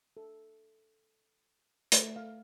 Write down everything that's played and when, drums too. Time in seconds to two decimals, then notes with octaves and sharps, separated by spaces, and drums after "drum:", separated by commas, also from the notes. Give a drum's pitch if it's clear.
0.17 A4
1.92 A3, drum: hi-hat
2.16 F5